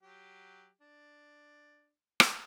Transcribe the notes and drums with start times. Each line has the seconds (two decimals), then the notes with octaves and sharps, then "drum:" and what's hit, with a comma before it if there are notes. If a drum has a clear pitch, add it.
0.03 F#3 G4
0.81 D4
2.20 drum: rim click